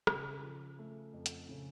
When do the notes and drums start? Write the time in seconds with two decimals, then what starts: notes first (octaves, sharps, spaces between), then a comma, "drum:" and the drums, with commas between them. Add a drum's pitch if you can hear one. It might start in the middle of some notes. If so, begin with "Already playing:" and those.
0.07 C#3, drum: rim click
0.43 F3
0.79 A3
1.13 F2
1.26 drum: hi-hat
1.49 C#3